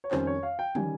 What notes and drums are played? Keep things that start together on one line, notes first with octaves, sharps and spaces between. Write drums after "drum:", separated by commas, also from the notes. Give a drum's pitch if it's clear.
C#5
F2 D#3 G3 C#4 C5, drum: clap
C#5
F5
G5
D#3 G3 C#4 G#5, drum: tom